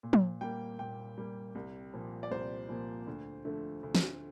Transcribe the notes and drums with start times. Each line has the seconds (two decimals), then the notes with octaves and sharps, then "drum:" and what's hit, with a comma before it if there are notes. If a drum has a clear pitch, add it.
0.03 A#2
0.13 drum: tom F3
0.41 G3 A#3 G5
0.79 A#2 G5
1.18 G3 A#3
1.55 C2
1.93 A#2 F3 A#3
2.23 D5
2.31 C2 C5
2.69 A#2 F3 A#3
3.07 D2
3.45 D3 F3 A3
3.83 D2
3.95 drum: snare